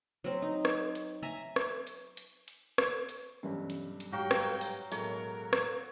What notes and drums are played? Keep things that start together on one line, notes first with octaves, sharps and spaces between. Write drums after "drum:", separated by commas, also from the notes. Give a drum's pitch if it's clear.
F#3 C4
D#4
drum: rim click
drum: hi-hat
E5 G#5 A#5
drum: rim click
drum: hi-hat
drum: hi-hat
drum: hi-hat
drum: rim click
drum: hi-hat
B1 G2 E3 G3 C#4
drum: hi-hat
drum: hi-hat
G#2 F#3 F#4 G4 F5 G5
drum: rim click
drum: open hi-hat
B1 A2 G#3 A4 A#4 C#5, drum: open hi-hat
drum: rim click